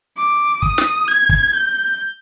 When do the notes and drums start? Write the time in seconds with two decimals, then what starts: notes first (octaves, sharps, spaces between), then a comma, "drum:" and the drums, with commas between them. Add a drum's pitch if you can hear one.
0.17 D6
0.62 D#6, drum: kick
0.78 drum: snare
1.08 G#6
1.29 drum: kick
1.53 G6